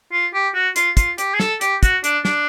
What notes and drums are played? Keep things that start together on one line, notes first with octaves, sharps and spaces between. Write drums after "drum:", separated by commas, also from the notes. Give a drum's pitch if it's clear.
F4
G4
F#4
F4, drum: hi-hat
F4, drum: kick, hi-hat
G4, drum: hi-hat
G#4
A4, drum: snare
G4, drum: hi-hat
F#4, drum: kick, hi-hat
D4, drum: hi-hat
D4, drum: snare